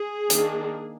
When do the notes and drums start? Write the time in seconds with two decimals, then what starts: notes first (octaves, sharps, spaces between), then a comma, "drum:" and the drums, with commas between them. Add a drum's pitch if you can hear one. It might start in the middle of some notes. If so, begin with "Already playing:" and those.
Already playing: G#4
0.30 D#3 A#3 D4, drum: hi-hat